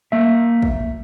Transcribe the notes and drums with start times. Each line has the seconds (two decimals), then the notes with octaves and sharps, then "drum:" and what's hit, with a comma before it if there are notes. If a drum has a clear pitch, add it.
0.12 A#3 E5
0.62 drum: kick